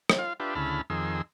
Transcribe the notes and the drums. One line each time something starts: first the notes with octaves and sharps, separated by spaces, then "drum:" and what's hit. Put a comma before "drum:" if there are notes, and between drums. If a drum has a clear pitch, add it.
drum: rim click
F4 F5
D4 F4 G4 B4 E5
D2 C#3 E4 A5 B5 F6
F2 D#3 G#4 C6 E6